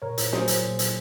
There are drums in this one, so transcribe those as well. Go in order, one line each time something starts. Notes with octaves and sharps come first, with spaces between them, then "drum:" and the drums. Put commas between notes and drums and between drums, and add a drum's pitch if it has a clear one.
A#2 A#4 C#5
A#2, drum: hi-hat
F#3 G#4 C5, drum: snare
F#3, drum: hi-hat
A#2
A#2, drum: hi-hat